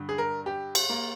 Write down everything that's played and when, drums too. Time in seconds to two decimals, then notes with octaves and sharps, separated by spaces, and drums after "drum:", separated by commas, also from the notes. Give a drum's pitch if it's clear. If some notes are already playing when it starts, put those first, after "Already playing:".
Already playing: G2 D3
0.09 G#4
0.18 A#4
0.46 G4
0.75 drum: cymbal
0.89 A#3